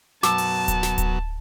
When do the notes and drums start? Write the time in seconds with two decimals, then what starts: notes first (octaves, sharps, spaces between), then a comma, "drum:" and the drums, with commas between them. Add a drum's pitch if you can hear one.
0.23 F#2 B2 F#3 A5 D6 E6, drum: snare
0.38 drum: open hi-hat
0.68 drum: kick D1, hi-hat
0.83 drum: snare
0.98 drum: kick D1, hi-hat